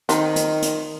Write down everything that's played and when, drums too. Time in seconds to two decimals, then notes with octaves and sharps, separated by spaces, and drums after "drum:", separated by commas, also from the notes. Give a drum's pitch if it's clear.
0.09 D#3 C4 D#4, drum: hi-hat
0.36 drum: hi-hat
0.62 drum: hi-hat